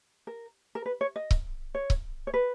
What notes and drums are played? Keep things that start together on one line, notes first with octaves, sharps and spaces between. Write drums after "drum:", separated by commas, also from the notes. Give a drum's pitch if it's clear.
A#4
A#4
B4
C#5
D#5
drum: kick C#1
C#5
drum: kick C#1
C#5
B4